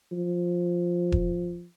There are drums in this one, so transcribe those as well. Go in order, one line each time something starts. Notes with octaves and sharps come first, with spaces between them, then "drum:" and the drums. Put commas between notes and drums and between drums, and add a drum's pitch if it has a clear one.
F3
drum: kick E1